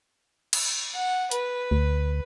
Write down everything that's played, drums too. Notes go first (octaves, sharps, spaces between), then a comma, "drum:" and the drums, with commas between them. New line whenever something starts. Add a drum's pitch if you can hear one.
drum: cymbal
F#5
B4, drum: hi-hat
D2